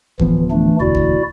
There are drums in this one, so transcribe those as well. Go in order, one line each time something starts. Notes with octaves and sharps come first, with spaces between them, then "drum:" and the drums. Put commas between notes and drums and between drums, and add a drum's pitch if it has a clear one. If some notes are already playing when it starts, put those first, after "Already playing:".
D1 E3 F3 B3, drum: kick F#1
E3 A3 D4
E1 D2 E4 F#4 D5
drum: kick F#1